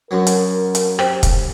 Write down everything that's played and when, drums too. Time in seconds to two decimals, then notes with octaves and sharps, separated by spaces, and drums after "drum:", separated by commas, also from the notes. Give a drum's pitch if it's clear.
0.11 F#2 F#3 A#4
0.27 drum: hi-hat
0.75 drum: hi-hat
0.99 G4 C5 G5, drum: rim click
1.23 drum: kick, hi-hat